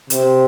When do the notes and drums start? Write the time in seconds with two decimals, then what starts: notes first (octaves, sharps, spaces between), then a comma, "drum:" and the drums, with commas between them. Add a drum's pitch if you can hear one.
0.10 C3, drum: hi-hat